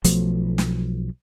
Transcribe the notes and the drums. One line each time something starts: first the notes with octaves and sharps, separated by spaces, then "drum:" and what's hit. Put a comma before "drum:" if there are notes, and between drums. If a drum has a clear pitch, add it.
B1 F3 F#3 A3, drum: hi-hat
drum: snare